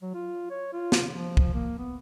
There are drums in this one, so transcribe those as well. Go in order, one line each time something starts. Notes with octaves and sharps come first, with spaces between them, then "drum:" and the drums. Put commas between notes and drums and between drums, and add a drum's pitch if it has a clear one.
F#3
F4
C#5
F4
drum: snare
F3
drum: kick
A#3
B3